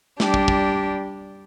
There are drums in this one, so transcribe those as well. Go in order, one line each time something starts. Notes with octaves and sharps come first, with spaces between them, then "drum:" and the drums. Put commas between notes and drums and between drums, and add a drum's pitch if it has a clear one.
G3 D4 G4, drum: snare
drum: kick
drum: kick